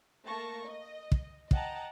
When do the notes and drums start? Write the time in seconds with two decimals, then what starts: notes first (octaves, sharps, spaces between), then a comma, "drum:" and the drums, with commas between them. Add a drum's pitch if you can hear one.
0.24 A3 A#3 A5 C#6 A#6
0.65 D#5
1.12 drum: kick
1.51 D#5 F#5 G5 A5 A#5, drum: kick